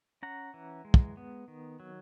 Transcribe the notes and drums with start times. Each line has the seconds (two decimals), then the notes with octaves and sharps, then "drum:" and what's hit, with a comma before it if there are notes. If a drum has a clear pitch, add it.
0.23 C#4 F#5 A#5
0.54 E3
0.85 G#3
0.94 drum: kick
1.17 B3
1.48 D#3
1.80 F#3